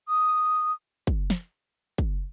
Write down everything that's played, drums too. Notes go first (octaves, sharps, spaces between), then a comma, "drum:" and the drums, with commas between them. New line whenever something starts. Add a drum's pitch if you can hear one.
D#6
drum: kick
drum: snare
drum: kick